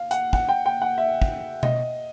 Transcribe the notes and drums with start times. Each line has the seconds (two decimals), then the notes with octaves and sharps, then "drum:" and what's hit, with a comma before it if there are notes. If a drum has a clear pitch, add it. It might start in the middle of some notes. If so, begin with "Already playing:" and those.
Already playing: F5
0.11 F#5, drum: hi-hat
0.33 F#5, drum: kick
0.49 G5
0.66 G5
0.82 F#5
0.98 E5
1.22 drum: kick
1.63 D#5, drum: tom B2